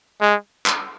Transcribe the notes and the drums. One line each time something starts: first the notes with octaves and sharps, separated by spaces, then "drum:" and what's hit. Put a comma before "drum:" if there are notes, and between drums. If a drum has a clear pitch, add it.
G#3
drum: clap